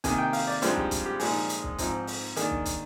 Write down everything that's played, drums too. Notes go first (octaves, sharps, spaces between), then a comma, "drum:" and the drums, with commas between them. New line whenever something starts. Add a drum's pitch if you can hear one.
C3 D#3 A#3 D#4 G#5, drum: kick, hi-hat
G5
F5, drum: open hi-hat
D5
G2 F3 G#3 C4 D#4 C5, drum: hi-hat
G4, drum: kick
drum: kick, hi-hat
G4
A#2 F3 G#3 D#4 G#4, drum: open hi-hat
drum: hi-hat
drum: kick
G#2 F3 C4 D#4, drum: kick, hi-hat
drum: open hi-hat
D#3 A#3 D4 G#4, drum: hi-hat
drum: kick
drum: kick, hi-hat